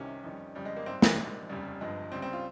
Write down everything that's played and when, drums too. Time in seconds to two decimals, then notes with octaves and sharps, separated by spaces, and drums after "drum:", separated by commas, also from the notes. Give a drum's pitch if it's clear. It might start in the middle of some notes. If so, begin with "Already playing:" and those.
Already playing: C2 C3 D#3 C#4
0.24 F2 D#3 G3
0.55 F2 C#3 G3
0.65 G#3
0.77 A#3
0.86 G#1 G#2 G3 C4
1.02 A#3, drum: snare
1.17 A#1 G#2 G3
1.49 F1 D#2 C#3 G3
1.81 G1 G2 F3 G#3
2.12 C#2 C#3 G3 C4
2.22 C4
2.33 F4